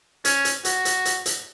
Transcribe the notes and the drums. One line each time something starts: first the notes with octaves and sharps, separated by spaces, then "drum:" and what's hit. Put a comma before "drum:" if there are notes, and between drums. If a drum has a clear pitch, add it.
C#4, drum: hi-hat
drum: hi-hat
F#4, drum: hi-hat
drum: hi-hat
drum: hi-hat
drum: hi-hat